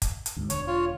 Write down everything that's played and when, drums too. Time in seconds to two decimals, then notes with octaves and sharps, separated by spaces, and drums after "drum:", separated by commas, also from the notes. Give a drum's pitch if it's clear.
0.02 drum: kick, hi-hat
0.26 drum: hi-hat
0.36 D2 G#2
0.50 E1 D3 C#5, drum: hi-hat
0.67 F4 C#5